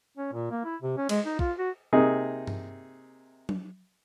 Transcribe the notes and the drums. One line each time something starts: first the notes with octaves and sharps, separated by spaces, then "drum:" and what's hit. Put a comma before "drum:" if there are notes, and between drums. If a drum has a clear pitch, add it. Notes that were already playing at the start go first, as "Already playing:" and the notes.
C#4
A#2
A#3
E4
C3
C#4
G#3, drum: cymbal
D#4
F4, drum: kick
F#4
C3 A#3 D#4 G#4
drum: tom G2
drum: tom F#3